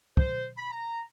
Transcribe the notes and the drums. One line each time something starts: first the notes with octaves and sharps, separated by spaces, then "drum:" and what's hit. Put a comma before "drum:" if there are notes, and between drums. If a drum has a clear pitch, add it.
C5, drum: kick
B5
A#5